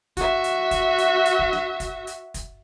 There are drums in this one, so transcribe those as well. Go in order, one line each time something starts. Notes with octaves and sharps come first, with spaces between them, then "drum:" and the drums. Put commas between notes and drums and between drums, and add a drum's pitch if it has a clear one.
F#4 E5, drum: kick, hi-hat
drum: hi-hat
drum: kick, hi-hat
drum: hi-hat
drum: hi-hat
drum: kick
drum: snare
drum: kick, hi-hat
drum: hi-hat
drum: kick, hi-hat